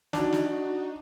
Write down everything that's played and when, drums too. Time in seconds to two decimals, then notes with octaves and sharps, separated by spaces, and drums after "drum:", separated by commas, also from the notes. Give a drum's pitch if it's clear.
0.13 D4 D#4 F#4, drum: snare
0.33 drum: snare